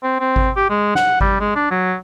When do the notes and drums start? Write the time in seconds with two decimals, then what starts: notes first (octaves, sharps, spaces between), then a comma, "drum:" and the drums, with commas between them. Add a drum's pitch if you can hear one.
0.03 C4
0.20 C4
0.36 drum: kick G#1
0.56 G4
0.70 G#3
0.95 F#5, drum: snare
1.21 G3, drum: kick G#1
1.40 G#3
1.56 D4
1.71 F#3